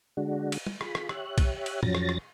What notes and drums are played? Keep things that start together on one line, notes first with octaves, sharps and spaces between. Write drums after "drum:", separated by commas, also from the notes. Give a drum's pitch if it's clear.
D3 G#3 D4 F#4
drum: cymbal
drum: tom
F4 G#4 B5, drum: rim click
drum: rim click
G4 C#5 E5 F#6, drum: rim click
drum: kick, cymbal
drum: cymbal
F2 F3 F#3 C#4 A6 A#6, drum: tom
drum: rim click
drum: rim click